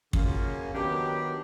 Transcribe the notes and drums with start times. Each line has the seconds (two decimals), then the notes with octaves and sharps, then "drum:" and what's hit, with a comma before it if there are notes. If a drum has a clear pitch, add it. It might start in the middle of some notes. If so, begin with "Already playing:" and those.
0.13 F#2 C#3 F#3 A#3 C#4 F4, drum: kick
0.73 D#3 F#3 B3 D4 G4